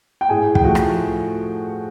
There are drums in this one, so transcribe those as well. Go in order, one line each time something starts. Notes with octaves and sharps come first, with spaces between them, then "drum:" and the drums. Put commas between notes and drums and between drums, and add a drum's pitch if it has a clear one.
G5
A2 G#4 G#5
G5, drum: kick
F3 A3 F#4 F#5
drum: rim click